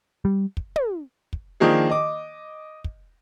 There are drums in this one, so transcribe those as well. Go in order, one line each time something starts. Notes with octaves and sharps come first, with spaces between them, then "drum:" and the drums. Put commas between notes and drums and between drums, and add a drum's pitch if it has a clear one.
G3
drum: kick
drum: tom
drum: kick
D#3 F3 A#3 D4 G#4
D#5 D6
drum: kick